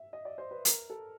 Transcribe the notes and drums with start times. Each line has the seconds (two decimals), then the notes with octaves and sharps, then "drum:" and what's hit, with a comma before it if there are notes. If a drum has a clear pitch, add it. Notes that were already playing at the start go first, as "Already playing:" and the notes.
Already playing: E5
0.13 D#5
0.25 D5
0.38 C5
0.51 B4
0.65 A#4, drum: hi-hat
0.90 A4